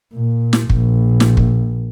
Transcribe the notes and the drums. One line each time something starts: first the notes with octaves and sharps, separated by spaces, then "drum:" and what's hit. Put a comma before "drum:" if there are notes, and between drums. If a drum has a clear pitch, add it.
A#2
drum: snare
A#1, drum: kick
drum: snare
drum: kick